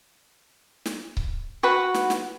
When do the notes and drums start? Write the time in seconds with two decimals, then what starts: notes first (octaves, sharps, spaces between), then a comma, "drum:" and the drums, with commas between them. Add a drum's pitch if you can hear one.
0.86 drum: snare
1.17 drum: kick C#1
1.63 F#4 B4 F#5 B5
1.94 drum: snare
2.10 drum: snare